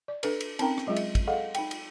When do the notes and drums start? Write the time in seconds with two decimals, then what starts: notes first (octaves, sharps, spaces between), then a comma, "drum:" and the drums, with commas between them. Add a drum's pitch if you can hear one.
0.08 D5
0.23 D4 A4 B4, drum: cymbal
0.41 drum: cymbal
0.59 C4 C#4 D#4 A#4 G5 A#5, drum: cymbal
0.78 drum: rim click
0.87 F#3 G#3 F4 G#4 E5
0.96 drum: cymbal
1.15 drum: kick, cymbal
1.27 G#4 A4 D#5 F5 F#5
1.54 D#4 G5, drum: cymbal
1.71 drum: cymbal